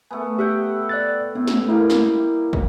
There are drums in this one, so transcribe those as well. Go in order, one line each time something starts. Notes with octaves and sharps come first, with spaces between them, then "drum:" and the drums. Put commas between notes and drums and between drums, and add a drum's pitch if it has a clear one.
A3 B3 G#5
G4 E5 F#5 G5
D5 F#6 A6
A2 B3
drum: snare
G3 A#3 D#4 E4
drum: snare
drum: kick